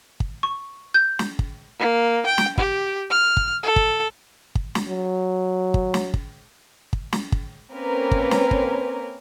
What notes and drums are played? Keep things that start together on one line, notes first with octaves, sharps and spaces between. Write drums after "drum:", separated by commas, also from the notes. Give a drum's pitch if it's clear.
drum: kick
C#6
G6
drum: snare
drum: kick
A#3
G5
drum: snare
G4, drum: kick
F6
drum: kick
A4
drum: kick
drum: kick
drum: snare
F#3
drum: kick
drum: snare
drum: kick
drum: kick
drum: snare
drum: kick
A#3 C4 C#4 A#4 B4
drum: kick
drum: snare
drum: kick